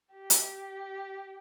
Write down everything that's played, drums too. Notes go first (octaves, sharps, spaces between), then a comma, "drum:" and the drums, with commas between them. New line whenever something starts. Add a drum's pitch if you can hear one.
G4
drum: hi-hat